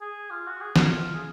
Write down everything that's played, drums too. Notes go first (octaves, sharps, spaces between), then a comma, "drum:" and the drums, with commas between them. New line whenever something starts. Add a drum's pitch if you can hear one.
G#4
F4
F#4
G#4
F4, drum: snare
G#4